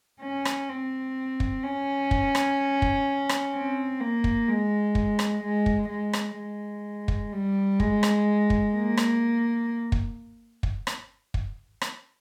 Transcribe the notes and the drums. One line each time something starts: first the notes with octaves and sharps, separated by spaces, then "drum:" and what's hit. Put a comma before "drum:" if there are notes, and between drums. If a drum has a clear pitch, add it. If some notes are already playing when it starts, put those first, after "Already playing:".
C#4
drum: rim click
C4
drum: kick
C#4
drum: kick
drum: rim click
drum: kick
drum: rim click
C4
A#3
drum: kick
G#3
drum: kick
drum: rim click
G#3
drum: kick
G#3
drum: rim click
G#3
drum: kick
G3
G#3, drum: kick
drum: rim click
drum: kick
A#3
drum: rim click
drum: kick
drum: kick
drum: rim click
drum: kick
drum: rim click